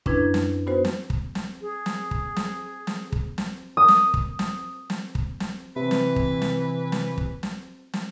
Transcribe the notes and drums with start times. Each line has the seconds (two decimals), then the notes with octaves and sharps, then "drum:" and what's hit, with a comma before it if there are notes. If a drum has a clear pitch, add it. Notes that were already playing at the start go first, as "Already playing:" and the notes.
0.06 F#2 C#4 D4 E4 B4 G#6, drum: kick
0.34 drum: snare
0.67 B3 D#4 F#4 B4 C5
0.85 drum: snare
1.10 drum: kick
1.35 drum: snare
1.60 G#4
1.86 drum: snare
2.11 drum: kick
2.36 drum: snare
2.87 drum: snare
3.12 drum: kick
3.38 drum: snare
3.77 D#6
3.88 drum: snare
4.14 drum: kick
4.39 drum: snare
4.90 drum: snare
5.15 drum: kick
5.40 drum: snare
5.76 C3 E3 B4
5.91 drum: snare
6.16 drum: kick
6.42 drum: snare
6.92 drum: snare
7.18 drum: kick
7.43 drum: snare
7.93 drum: snare